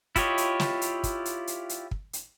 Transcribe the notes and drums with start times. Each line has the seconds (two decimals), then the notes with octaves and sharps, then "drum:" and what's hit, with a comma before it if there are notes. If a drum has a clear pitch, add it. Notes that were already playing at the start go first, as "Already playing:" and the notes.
0.16 E4 F4 G4 C#5 D#5, drum: kick, hi-hat
0.38 drum: hi-hat
0.60 drum: snare
0.82 drum: hi-hat
1.03 drum: kick, hi-hat
1.25 drum: hi-hat
1.47 drum: hi-hat
1.69 drum: hi-hat
1.91 drum: kick
2.13 drum: hi-hat